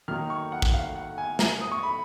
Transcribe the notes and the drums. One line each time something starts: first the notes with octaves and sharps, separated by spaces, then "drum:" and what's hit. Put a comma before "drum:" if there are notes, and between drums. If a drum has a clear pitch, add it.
D#3 F#3 A#3 D#4 F6
C#6
F#5
drum: kick
F5
F#5
G#5
A#5, drum: snare
D#6
C#6
B5